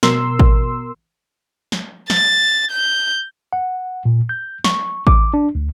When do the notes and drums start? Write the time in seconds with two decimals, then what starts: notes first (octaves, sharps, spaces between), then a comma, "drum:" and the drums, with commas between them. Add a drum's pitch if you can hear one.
0.03 B2 A#4 C6 E6, drum: snare
0.39 drum: kick A1
1.72 drum: snare
2.10 A6, drum: snare
2.71 G6
3.53 F#5
4.05 A#2
4.29 G6
4.64 C#6, drum: snare
5.07 D6, drum: kick A1
5.34 D4
5.55 D2